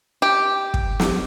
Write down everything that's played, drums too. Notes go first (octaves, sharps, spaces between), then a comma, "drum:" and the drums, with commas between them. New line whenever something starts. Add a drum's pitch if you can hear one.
G4
drum: kick
drum: snare